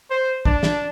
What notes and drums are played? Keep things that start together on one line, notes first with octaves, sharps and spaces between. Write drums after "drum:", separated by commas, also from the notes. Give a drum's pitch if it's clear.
C5
D4, drum: kick
drum: snare